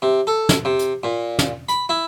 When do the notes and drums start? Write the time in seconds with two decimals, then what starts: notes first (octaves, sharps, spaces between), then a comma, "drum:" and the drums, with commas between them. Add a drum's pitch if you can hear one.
0.02 C3
0.27 A4
0.49 drum: snare
0.65 C3
0.79 drum: hi-hat
1.03 A#2
1.39 drum: snare
1.69 B5, drum: hi-hat
1.89 E4